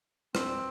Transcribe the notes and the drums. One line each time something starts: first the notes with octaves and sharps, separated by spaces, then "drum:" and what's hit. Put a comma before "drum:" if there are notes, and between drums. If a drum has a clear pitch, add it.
C4, drum: rim click